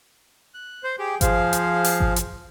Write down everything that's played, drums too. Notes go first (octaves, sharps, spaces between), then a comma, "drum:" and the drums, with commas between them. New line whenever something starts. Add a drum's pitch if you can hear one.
F#6
C5
G4 G#4 G5
F3 G#4 C5 F5, drum: kick G#1, hi-hat
drum: hi-hat
drum: open hi-hat
drum: kick G#1
drum: hi-hat